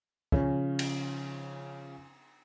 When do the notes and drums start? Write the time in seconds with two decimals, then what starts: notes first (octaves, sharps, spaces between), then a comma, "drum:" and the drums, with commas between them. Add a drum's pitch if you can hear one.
0.32 C#3 F3 C#4, drum: kick
0.79 drum: cymbal